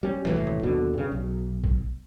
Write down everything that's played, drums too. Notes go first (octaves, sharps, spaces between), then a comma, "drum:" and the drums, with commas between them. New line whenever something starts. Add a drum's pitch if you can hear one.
G3 C#4
D#1 C2 A2 E3, drum: snare
drum: tom D3
D#2 B2 D3 F#3
G2 C#3
B1
drum: kick A#1